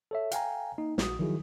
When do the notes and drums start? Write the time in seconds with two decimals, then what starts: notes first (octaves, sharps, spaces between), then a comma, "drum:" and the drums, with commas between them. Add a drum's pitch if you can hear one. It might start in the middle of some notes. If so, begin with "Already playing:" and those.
0.11 A4 C#5 E5
0.31 F5 G5 G#5 A#5, drum: hi-hat
0.78 A#3 D#4
0.98 A#1 F#4 D#6, drum: snare
1.19 D#3 F3 F#3 E4 F#4 G#4